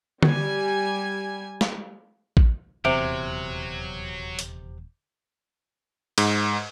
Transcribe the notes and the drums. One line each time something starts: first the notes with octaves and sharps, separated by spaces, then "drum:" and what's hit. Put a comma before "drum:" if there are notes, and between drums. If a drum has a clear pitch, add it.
G3 G#5, drum: tom D3
drum: snare
drum: kick A1
D#1 E2 C3 F#3 C5 E5 D7
drum: hi-hat
G#2, drum: cymbal